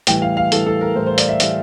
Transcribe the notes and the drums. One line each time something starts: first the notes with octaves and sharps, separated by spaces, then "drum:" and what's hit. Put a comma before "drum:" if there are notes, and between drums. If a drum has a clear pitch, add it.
A2 E3 G3 G5, drum: hi-hat
F5
F5
A2 E3 G3 A4, drum: hi-hat
A4
A#4
A2 E3 G3 C5
C5
D5, drum: hi-hat
E5
A2 E3 G3, drum: hi-hat